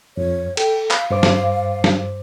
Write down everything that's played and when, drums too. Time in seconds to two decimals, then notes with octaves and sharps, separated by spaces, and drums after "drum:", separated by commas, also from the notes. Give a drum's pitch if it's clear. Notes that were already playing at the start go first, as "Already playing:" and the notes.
0.17 F2 C#5
0.57 A4 G5, drum: cymbal
0.91 F5 B5, drum: clap
1.10 G2 C5 D6
1.23 drum: snare
1.84 drum: snare